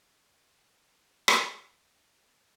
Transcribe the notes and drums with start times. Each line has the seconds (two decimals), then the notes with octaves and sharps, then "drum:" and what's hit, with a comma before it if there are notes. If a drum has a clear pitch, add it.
0.10 D#4 B4
1.28 drum: rim click